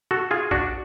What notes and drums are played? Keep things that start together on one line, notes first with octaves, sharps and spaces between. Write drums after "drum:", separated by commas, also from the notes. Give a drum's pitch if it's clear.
F#4 A4
F4 G#4
D4 F#4, drum: kick